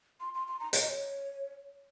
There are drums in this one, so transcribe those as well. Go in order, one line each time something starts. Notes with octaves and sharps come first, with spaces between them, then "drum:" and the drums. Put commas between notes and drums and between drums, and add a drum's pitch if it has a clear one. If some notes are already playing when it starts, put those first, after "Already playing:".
C6
C6
C6
A#5
C#5, drum: hi-hat
D#5
C#5